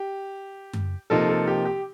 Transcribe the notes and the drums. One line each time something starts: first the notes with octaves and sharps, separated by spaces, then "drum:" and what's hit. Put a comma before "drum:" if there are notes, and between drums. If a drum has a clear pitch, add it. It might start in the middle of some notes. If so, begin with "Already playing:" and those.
Already playing: G4
drum: tom F#2
C3 F3 A#3 D#4 A4
A4
G4
G4